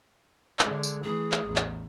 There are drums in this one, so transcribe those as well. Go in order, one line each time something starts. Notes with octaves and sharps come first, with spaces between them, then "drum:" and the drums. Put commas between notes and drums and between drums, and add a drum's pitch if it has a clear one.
D3 G#3, drum: clap
drum: tambourine
E3 A3 G#4
drum: clap
A1 E2
drum: clap